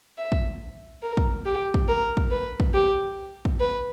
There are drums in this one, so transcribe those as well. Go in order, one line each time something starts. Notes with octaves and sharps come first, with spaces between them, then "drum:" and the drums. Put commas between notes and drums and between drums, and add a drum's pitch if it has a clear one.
E5
drum: kick
A#4
drum: kick
G4
drum: kick
A#4
drum: kick
B4
drum: kick
G4
drum: kick
B4